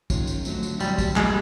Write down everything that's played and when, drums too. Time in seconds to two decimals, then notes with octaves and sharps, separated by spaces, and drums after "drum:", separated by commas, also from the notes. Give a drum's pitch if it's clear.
0.10 D#3 G#3 C#4 F4, drum: kick, tambourine
0.27 drum: tambourine
0.45 D3 F#3 A3 C4, drum: tambourine
0.63 drum: tambourine
0.80 D3 F#3 G3 A3 C4, drum: tambourine
0.98 drum: kick, tambourine
1.16 B2 G3 G#3 A#3, drum: clap